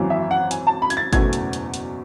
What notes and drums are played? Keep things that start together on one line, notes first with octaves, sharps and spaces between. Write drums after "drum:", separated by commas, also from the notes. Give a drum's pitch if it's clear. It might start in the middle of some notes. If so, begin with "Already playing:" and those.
Already playing: G#1 F#2 E3
E5
F#5
G#5, drum: hi-hat
A5
B5
G#6, drum: hi-hat
A6
F#1 E2 B2 A3 G#6, drum: kick G1, hi-hat
drum: hi-hat
drum: hi-hat
drum: hi-hat